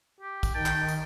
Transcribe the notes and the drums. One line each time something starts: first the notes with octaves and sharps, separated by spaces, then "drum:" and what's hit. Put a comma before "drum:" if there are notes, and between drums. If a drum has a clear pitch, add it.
G4
drum: kick, tambourine
D#3 G5 A5
drum: clap
drum: tambourine